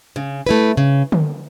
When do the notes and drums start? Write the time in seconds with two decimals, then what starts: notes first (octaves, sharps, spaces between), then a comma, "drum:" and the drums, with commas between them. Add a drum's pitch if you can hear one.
0.16 C#3
0.46 A3 E4 B4
0.77 C#3
1.12 drum: tom D3